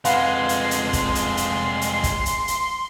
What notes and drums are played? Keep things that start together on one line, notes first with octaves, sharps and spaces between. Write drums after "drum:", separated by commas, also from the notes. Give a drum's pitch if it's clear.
F2 G#3 B4 F5 F#5 C6, drum: hi-hat
drum: hi-hat
drum: hi-hat
drum: kick, hi-hat
drum: hi-hat
drum: hi-hat
drum: hi-hat
drum: kick, hi-hat
drum: hi-hat
drum: hi-hat